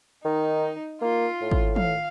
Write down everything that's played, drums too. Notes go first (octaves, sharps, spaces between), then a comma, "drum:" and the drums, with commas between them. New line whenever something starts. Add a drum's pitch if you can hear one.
D#3 D#4
A#3 F4
A2
drum: kick
F5, drum: tom